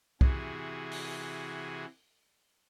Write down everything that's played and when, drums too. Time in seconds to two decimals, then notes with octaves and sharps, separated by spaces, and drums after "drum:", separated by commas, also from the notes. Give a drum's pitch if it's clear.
0.21 C3 E3 F#4 G#4, drum: kick
0.91 drum: open hi-hat